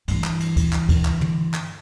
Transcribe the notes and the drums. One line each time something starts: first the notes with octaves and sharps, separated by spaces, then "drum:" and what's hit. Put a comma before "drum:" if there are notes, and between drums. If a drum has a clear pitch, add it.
G2 E3, drum: cymbal
drum: clap
drum: cymbal
drum: kick, cymbal
drum: clap
drum: kick, cymbal
drum: clap
drum: tom
drum: clap